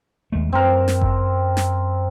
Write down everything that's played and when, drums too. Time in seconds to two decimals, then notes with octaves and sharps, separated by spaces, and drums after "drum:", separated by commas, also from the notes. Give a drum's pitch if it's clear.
0.32 D#2 G#3 A3
0.53 F#2 C4 A#4
0.88 drum: snare
1.01 drum: kick G1
1.57 drum: snare